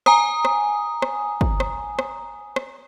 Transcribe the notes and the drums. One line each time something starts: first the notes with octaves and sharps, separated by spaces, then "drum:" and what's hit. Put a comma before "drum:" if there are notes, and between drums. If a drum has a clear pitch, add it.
G#5 A#5 D#6, drum: rim click
drum: rim click
drum: rim click
drum: kick
drum: rim click
drum: rim click
drum: rim click